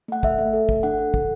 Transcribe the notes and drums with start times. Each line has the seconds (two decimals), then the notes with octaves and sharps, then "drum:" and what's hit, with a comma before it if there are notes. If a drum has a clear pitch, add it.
0.08 A3 F#5
0.23 A4 E5, drum: kick
0.38 A3
0.53 A4
0.69 A4, drum: kick
0.83 D4 F#5
0.98 A4
1.14 A4, drum: kick